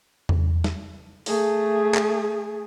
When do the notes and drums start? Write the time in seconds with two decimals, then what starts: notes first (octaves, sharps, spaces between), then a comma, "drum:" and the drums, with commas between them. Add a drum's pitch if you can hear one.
0.29 drum: tom E2
0.64 drum: snare
1.26 A3 G#4, drum: open hi-hat
1.94 drum: clap